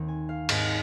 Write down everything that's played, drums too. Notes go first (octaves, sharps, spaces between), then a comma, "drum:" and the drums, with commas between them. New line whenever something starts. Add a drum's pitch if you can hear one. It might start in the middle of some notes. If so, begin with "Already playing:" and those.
Already playing: D#2 D#3 C4
G#5
F5
G#2 G#3 C4 D#5, drum: cymbal